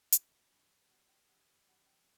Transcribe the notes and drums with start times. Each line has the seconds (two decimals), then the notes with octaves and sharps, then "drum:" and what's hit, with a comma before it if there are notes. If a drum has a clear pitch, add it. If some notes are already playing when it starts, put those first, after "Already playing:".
0.12 G2 F#3, drum: hi-hat
0.50 G2 E3 G3
0.89 B2 G3 F#5
1.09 G5
1.29 G2 E3 G3 F#5
1.67 F#2 E3 G3 F#5
1.86 G5